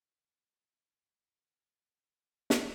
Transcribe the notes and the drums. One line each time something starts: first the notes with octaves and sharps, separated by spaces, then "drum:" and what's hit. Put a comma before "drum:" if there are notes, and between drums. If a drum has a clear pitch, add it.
E1 C#3 C4
drum: snare